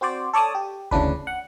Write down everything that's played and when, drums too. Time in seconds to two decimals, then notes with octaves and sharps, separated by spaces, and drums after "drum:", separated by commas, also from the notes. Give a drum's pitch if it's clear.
0.01 C4 F#4 C5 D5
0.33 A4 C#5 D5 A5 D#6
0.55 G4
0.91 D2 C#3 E3 D4 B4, drum: kick
1.27 F#5